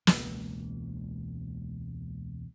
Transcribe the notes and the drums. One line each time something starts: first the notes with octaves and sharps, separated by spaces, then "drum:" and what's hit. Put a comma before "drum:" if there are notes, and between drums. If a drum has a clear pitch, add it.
E1 C#2 A#3, drum: snare